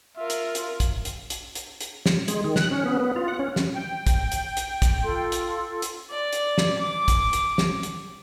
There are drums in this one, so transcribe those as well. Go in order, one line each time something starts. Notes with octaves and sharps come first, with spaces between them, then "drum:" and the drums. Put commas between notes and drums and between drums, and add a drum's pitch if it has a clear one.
F4 A#4 E5
drum: hi-hat
drum: hi-hat
drum: kick, hi-hat
drum: hi-hat
drum: hi-hat
drum: hi-hat
drum: hi-hat
drum: snare
G#3, drum: hi-hat
D#3
F#6, drum: snare
C#4
B3
B3
F4
F#5
C#4
drum: snare
G5
drum: kick, hi-hat
drum: hi-hat
drum: hi-hat
drum: kick, hi-hat
F4 A4 C6
drum: hi-hat
drum: hi-hat
D5
drum: hi-hat
drum: snare
D6
drum: kick, hi-hat
drum: hi-hat
drum: snare
drum: hi-hat